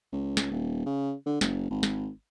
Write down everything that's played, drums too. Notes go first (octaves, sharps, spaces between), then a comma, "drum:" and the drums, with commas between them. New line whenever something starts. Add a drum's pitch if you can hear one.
C#2
drum: snare
D#1
C#3
D3
F#1, drum: snare
G#1
drum: snare